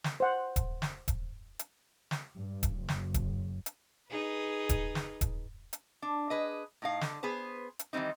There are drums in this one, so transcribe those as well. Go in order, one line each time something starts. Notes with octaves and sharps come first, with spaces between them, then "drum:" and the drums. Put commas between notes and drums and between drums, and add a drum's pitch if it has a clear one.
drum: snare
C5 F#5
drum: kick D#1, hi-hat
drum: snare
drum: kick D#1, hi-hat
drum: hi-hat
drum: snare
G2
drum: kick D#1, hi-hat
F#1
drum: snare
drum: kick D#1, hi-hat
drum: hi-hat
D#4 G#4 B4
drum: kick D#1, hi-hat
drum: snare
drum: kick D#1, hi-hat
drum: hi-hat
D4
G#4 B4 D#5
A2 D#4 F5
D3, drum: snare
B3 G#4 B4 C5
drum: hi-hat
D#3 E3 G3 C4 D#4